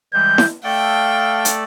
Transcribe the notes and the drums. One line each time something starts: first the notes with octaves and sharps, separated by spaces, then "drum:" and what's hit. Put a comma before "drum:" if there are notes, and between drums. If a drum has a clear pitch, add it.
E3 G3 G#3 G6
drum: snare E4
A3 A4 D5 F5 G5
drum: hi-hat